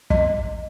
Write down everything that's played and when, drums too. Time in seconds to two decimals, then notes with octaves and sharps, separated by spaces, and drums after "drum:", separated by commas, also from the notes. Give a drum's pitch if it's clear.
0.10 D#5, drum: kick